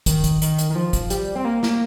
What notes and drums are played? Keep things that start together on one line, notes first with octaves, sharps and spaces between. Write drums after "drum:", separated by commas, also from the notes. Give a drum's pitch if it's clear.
D#3, drum: kick, hi-hat
drum: kick, hi-hat
D#3, drum: hi-hat
drum: hi-hat
D#3
F3
drum: kick, hi-hat
G3, drum: hi-hat
C4
A#3
A#3, drum: snare